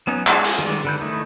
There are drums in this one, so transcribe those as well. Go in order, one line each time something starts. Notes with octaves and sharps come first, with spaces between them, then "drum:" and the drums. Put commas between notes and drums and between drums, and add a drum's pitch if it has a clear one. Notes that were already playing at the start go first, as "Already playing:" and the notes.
F#3 B3 C#4 D#4
G#3 F4 F#4 G#4, drum: clap
drum: open hi-hat
D#3 G3 G#3 D5, drum: hi-hat
D3 B4 G6
D#3 A3 D#4 E4